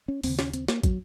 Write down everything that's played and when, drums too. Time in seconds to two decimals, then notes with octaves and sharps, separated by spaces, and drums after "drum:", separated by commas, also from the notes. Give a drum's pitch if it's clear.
0.08 C#4
0.24 D#2 C#3 C4, drum: open hi-hat
0.39 C#4, drum: snare
0.54 C4, drum: hi-hat
0.68 A#3, drum: snare
0.84 F#3, drum: kick, hi-hat